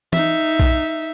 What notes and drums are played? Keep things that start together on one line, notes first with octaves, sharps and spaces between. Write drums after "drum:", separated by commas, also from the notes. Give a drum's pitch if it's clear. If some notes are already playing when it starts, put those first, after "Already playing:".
D#4 E5, drum: tom E3
drum: kick B1